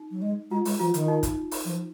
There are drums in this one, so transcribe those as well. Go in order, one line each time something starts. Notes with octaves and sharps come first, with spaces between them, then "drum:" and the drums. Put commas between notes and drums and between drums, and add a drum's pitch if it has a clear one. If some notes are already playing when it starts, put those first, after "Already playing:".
Already playing: D#4
F#3
G#3
G#3 F4
G#3, drum: open hi-hat
F3 F4
D#3, drum: hi-hat
D#4
drum: kick, hi-hat
drum: open hi-hat
F3